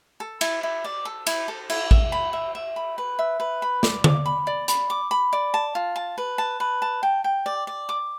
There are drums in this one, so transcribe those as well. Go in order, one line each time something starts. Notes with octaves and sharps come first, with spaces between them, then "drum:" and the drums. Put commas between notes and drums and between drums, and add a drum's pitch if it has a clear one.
A4
E4, drum: cymbal
E4
D5
A4
E4, drum: cymbal
A4
E4, drum: cymbal
E5, drum: kick A1
B5
E5
E5
B5
B4
E5
B4
B5
D5, drum: snare
D6, drum: tom D3
B5
D5
B5, drum: hi-hat
D6
B5
D5
A5
F4
A5
B4
A5
B4
A5
G5
G5
D5
D5
D6